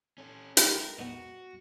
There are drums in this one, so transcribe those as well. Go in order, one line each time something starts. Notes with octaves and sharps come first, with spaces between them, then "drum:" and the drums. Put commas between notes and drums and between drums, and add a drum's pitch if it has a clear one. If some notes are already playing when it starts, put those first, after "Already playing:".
C#4 A4
G#3 A3 G4 A#4, drum: hi-hat
B3 D#4 F#4